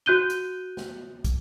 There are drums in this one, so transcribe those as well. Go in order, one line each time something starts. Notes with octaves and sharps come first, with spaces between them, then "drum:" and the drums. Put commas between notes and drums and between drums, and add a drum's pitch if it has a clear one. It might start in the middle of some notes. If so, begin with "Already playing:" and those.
F#4 F#6 G6 D#7 G7
drum: hi-hat
drum: snare
drum: kick, hi-hat